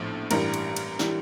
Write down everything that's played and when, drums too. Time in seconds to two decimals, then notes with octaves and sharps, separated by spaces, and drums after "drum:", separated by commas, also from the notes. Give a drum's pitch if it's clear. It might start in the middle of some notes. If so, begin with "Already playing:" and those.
Already playing: A#1 A2 F3
0.31 A1 G2 E3 G3 A#4, drum: cymbal
0.54 drum: cymbal
0.77 drum: cymbal
0.99 E3 G3, drum: snare